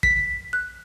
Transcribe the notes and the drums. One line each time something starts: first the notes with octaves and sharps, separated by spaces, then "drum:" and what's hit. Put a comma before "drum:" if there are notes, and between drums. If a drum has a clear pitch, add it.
B6, drum: kick
F#6